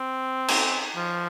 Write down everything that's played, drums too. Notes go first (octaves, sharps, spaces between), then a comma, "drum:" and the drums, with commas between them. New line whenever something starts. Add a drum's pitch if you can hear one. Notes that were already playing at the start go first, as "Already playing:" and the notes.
Already playing: C4
drum: cymbal
F3